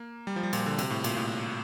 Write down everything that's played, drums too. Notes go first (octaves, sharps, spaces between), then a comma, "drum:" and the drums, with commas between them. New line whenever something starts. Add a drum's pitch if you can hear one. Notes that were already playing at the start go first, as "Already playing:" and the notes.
Already playing: A#3
G3
F3
G3
A#2, drum: cymbal
D3
C3, drum: cymbal
A2
A#2, drum: cymbal
A2